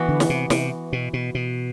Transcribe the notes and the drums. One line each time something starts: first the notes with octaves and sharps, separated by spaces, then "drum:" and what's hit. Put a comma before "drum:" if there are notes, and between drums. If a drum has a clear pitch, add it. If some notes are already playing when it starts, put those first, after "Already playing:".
Already playing: E3 B3 F#4
D3
drum: snare
C3
C3, drum: snare
B2
B2
B2